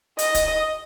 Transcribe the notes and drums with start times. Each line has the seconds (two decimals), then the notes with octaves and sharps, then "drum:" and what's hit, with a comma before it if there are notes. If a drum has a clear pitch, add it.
0.19 D#5, drum: hi-hat
0.35 drum: kick, hi-hat